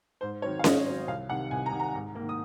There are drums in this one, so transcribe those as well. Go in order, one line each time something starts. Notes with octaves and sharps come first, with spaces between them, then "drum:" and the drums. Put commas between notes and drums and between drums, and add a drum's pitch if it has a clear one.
G#2 C5
D#3 F#3 C4 C#5
F5
G#2 D#5, drum: snare C#4
D#3 F#3 C4
C2 F5
C3 D#3 F#5
C2 G#5
A#5
C3 D#3
A#5
G#2
A#3
D#3
D#6